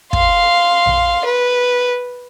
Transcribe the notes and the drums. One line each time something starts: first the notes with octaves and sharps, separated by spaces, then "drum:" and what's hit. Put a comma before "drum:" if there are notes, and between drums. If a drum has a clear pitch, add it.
F5 C6, drum: kick
drum: tom A#1
B4